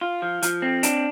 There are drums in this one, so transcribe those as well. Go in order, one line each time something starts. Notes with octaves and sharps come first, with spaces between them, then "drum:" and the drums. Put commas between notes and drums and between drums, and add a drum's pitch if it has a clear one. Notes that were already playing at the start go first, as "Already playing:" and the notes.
F4
F3
F3, drum: hi-hat
C4
D4, drum: hi-hat